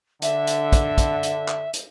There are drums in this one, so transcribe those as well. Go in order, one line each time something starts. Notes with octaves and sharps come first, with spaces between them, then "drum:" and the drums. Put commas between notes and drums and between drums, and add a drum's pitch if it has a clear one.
D3 E5, drum: hi-hat
drum: hi-hat
drum: kick, hi-hat
drum: kick, hi-hat
drum: hi-hat
drum: clap
drum: hi-hat